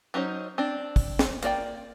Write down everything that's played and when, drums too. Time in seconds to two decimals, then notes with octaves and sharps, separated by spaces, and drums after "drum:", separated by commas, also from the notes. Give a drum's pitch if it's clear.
0.14 F#3 C#4 D#4 C5
0.58 C4 D4
0.96 drum: kick, open hi-hat
1.19 drum: snare
1.43 A#3 F4 D5 G5, drum: hi-hat